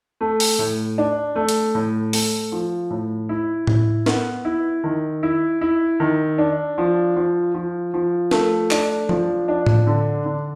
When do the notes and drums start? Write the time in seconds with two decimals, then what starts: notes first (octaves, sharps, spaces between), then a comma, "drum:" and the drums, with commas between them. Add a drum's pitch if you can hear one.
0.21 A3
0.40 drum: open hi-hat
0.59 A2
0.98 D4
1.36 A3
1.49 drum: hi-hat
1.75 A2
2.13 A3, drum: open hi-hat
2.52 F3
2.90 A2
3.29 E4
3.67 E4, drum: tom A2
4.06 B3, drum: snare
4.45 E4
4.84 D#3
5.23 E4
5.61 E4
6.00 D#3
6.38 D4
6.78 F3
7.16 F3
7.54 F3
7.94 F3
8.31 A3, drum: snare
8.71 D4, drum: clap
9.09 F3, drum: tom F3
9.48 D4
9.66 drum: tom A2
9.87 D3
10.26 D3